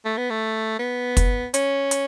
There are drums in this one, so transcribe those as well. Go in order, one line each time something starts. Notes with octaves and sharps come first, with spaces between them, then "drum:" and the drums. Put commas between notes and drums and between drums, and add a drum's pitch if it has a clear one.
A3
B3
A3
B3
drum: kick, hi-hat
C#4, drum: hi-hat
drum: hi-hat